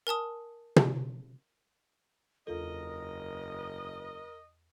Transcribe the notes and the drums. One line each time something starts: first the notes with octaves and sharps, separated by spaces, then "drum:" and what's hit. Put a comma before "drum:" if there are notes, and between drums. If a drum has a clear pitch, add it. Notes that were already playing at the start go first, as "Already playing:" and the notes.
A#4 G#5 A5 D#6
drum: tom
F#1 E2 F4 A4 A#4 D#5